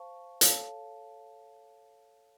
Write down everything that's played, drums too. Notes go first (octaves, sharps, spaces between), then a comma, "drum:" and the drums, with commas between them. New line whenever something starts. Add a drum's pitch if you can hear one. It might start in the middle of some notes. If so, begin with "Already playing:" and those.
Already playing: C5 F5 A5 C#6
A4 C#5 F5 A5, drum: hi-hat